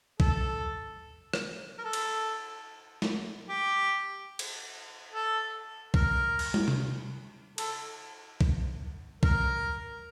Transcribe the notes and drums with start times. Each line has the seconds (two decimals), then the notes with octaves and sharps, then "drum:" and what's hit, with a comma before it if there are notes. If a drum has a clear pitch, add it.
0.20 A4, drum: kick
1.34 drum: rim click
1.78 A#4
1.84 A4
1.93 drum: cymbal
3.02 drum: snare
3.48 G4
4.39 drum: cymbal
5.12 A4
5.94 A#4, drum: kick
6.39 drum: cymbal
6.54 drum: tom
6.68 drum: tom C3
7.58 A4, drum: cymbal
8.41 drum: kick
9.23 A#4, drum: kick